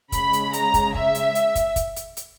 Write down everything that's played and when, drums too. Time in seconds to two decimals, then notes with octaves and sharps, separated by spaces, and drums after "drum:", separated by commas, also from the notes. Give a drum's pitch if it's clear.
0.12 C#3 G#3 B5, drum: kick, hi-hat
0.33 drum: hi-hat
0.53 A#5, drum: hi-hat
0.74 drum: kick, hi-hat
0.95 E5, drum: kick
1.15 drum: hi-hat
1.35 drum: hi-hat
1.55 drum: kick, hi-hat
1.76 drum: kick, hi-hat
1.96 drum: hi-hat
2.17 drum: hi-hat